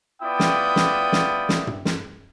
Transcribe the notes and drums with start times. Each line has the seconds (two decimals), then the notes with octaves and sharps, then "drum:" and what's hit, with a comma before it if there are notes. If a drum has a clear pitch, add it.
0.21 B3 E4 F4 D5 G5 D#6
0.40 drum: snare
0.76 drum: snare
1.12 drum: snare
1.49 drum: snare
1.67 drum: tom
1.85 drum: snare